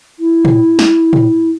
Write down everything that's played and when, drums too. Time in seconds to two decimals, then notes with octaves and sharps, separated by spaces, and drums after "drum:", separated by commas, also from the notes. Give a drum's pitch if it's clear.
0.19 E4
0.45 drum: tom
0.79 drum: snare
1.13 drum: tom